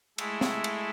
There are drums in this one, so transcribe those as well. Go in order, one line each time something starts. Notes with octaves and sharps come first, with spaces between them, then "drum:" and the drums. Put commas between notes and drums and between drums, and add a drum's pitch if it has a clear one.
G#3 A3 E4, drum: cymbal
drum: snare
drum: cymbal